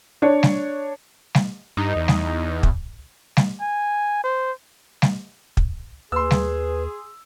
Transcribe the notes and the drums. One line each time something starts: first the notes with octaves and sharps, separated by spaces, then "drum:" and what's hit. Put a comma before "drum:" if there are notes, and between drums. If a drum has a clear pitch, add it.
D4 C#5
drum: snare G3
drum: snare G3
G2 D#4
E2
drum: snare G3
drum: kick
drum: snare G3
G#5
C5
drum: snare G3
drum: kick
D#2 G#4 B4 C6 E6
drum: snare G3